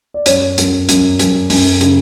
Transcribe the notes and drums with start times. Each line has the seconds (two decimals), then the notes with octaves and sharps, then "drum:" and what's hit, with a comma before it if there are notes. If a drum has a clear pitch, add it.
0.14 D5
0.26 F#2 C#5, drum: hi-hat
0.58 F#2, drum: hi-hat
0.89 F#2, drum: hi-hat
1.19 F#2, drum: hi-hat
1.50 F#2, drum: open hi-hat
1.81 C#3, drum: hi-hat